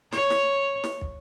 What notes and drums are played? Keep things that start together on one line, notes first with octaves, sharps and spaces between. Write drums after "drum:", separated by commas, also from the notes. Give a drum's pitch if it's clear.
C#5, drum: snare
drum: snare
drum: snare
drum: kick